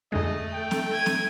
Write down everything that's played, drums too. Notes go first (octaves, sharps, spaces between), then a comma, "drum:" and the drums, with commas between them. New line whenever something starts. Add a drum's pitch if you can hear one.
F2 D3 G#3 A3 D#5
G5
drum: snare C4
G#6 D#7
drum: snare C4